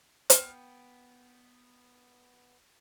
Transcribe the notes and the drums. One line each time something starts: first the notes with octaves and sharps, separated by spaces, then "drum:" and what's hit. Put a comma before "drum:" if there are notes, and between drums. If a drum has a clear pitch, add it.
B3 G5, drum: hi-hat